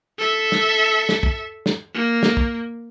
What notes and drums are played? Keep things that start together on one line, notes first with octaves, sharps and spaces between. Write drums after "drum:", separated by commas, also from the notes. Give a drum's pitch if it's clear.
A4 E5
drum: snare
drum: snare
drum: kick
drum: snare
A#3
drum: snare
drum: kick